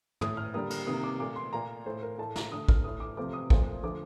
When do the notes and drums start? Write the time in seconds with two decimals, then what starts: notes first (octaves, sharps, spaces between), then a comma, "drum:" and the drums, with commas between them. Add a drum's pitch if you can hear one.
0.21 A2 A3 D#6, drum: tom
0.37 F6
0.54 D3 G3 A#3 D#6
0.70 F6, drum: cymbal
0.87 C3 D#3 A#3 D#6
1.04 D6
1.19 A#2 A3 D6
1.36 C6
1.53 A#2 A3 A#5
1.86 A2 A3 C5
2.03 A#4
2.18 A2 A3 A5
2.36 A#5, drum: snare
2.51 D3 A3 D#6
2.68 F6, drum: kick
2.84 A2 A3 D#6
3.00 D6
3.17 C3 F3 A3 D6
3.33 D#6
3.50 A#2 F3 A3, drum: kick
3.83 D3 F3 A3 D6